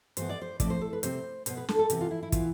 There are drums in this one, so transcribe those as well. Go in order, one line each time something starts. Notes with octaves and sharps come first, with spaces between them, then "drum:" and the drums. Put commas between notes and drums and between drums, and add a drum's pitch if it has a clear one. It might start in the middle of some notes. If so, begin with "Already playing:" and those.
G2 E3 B3 C5, drum: hi-hat
D5
C5
A2 F3 A3 C4 D5, drum: kick, hi-hat
C5
A4
B4
C3 G3 C4 C5, drum: hi-hat
B2 B3 C5, drum: hi-hat
B4
A4, drum: snare
A4
C3 E3 B3 G4, drum: hi-hat
F4
E4
E4
E3 B3 F4, drum: kick, hi-hat